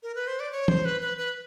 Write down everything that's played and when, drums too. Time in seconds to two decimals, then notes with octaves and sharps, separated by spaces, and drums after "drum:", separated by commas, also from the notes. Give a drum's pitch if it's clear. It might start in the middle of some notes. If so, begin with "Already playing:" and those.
0.03 A#4
0.15 B4
0.27 C5
0.40 D5
0.52 C#5
0.68 C5, drum: tom E3
0.85 B4
1.01 B4
1.18 B4